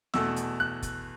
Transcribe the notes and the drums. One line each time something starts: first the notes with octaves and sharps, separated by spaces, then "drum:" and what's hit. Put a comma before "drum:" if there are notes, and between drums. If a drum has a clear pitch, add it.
E2 B2 A3 E6, drum: snare
drum: hi-hat
F#6
drum: kick, hi-hat